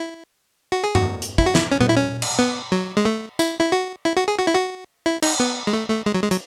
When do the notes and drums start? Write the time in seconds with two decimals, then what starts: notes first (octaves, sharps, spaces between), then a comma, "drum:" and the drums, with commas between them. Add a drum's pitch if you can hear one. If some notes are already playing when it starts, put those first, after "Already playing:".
Already playing: E4
0.72 F#4
0.84 G#4
0.95 F#4, drum: tom G2
1.22 drum: hi-hat
1.38 E4, drum: kick
1.46 F#4
1.55 E4, drum: snare
1.72 C#4
1.81 B3, drum: tom A#2
1.89 E4
1.96 C#4
2.22 drum: cymbal
2.39 B3
2.72 F#3
2.97 G#3
3.05 A3
3.39 E4, drum: tambourine
3.60 E4
3.72 F#4
4.05 E4
4.17 F#4
4.28 G#4
4.39 F#4
4.47 E4
4.55 F#4
5.06 E4
5.22 D#4, drum: cymbal
5.40 B3
5.67 G#3
5.73 A3
5.90 A3
6.06 G#3
6.14 F#3
6.23 G#3
6.31 F#3, drum: hi-hat